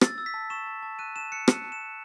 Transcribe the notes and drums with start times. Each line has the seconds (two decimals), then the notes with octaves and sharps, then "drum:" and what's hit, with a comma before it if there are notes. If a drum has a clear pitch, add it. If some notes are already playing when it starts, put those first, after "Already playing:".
0.01 E6 A6, drum: rim click
0.18 E6
0.26 B6
0.34 A5
0.50 C#6 E7
0.67 A5
0.83 A5
0.99 F#6 D#7
1.16 A5 E7
1.32 F#6 C#7
1.48 F#6, drum: rim click
1.64 A5
1.72 E7
1.80 A5